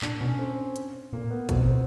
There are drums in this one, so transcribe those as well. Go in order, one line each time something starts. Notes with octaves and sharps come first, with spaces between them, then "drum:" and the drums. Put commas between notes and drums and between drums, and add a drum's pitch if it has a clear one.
A#2 D4, drum: clap
B2 C#4
C4
drum: hi-hat
A#2 A#3
B3
B2 C4, drum: kick, hi-hat
B3
C4